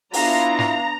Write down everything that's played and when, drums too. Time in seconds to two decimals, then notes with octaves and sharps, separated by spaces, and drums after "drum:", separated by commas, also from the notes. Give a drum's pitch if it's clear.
0.13 B3 D4 E4 F4 F5 A#5, drum: open hi-hat
0.59 drum: snare